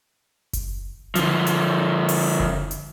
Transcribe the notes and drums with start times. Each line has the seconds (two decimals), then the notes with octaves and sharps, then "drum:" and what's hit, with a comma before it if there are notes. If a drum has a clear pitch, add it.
0.53 drum: kick F#1, hi-hat
1.15 D3 F3, drum: hi-hat
1.46 drum: hi-hat
2.09 drum: open hi-hat
2.40 drum: kick F#1
2.71 drum: hi-hat